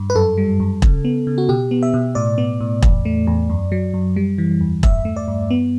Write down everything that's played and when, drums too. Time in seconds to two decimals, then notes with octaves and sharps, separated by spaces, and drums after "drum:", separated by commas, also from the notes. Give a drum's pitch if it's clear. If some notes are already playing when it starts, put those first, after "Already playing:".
Already playing: G2
0.10 B4
0.15 F#2 A4
0.38 G3
0.60 F#2
0.82 C#3, drum: kick E1
1.05 B3
1.27 C#3
1.38 F#4
1.49 B2 G4
1.71 B3
1.83 E5
1.94 B2
2.15 A2 D5
2.38 B3
2.61 A2
2.83 E2, drum: kick E1
3.05 A3
3.27 E2
3.50 F#2
3.72 F#3
3.94 F#2
4.16 G3
4.38 E3
4.61 E2
4.83 G2 E5, drum: kick E1
5.05 A3
5.16 D5
5.28 G2
5.51 B3